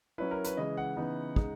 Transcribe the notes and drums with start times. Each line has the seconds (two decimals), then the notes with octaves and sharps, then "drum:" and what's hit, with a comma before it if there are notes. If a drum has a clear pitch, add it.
0.18 F#3 C#4 E4 B4
0.31 A#4
0.45 B4, drum: hi-hat
0.57 C#3 E3 G#3 D#5
0.77 F#5
0.96 C#3 E3 B3 D#4
1.36 C#3 G#3 D#4, drum: kick